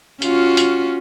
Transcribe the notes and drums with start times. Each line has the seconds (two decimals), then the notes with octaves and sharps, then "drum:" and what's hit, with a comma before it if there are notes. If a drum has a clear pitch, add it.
0.22 C#4 F4 F#4, drum: hi-hat
0.57 drum: hi-hat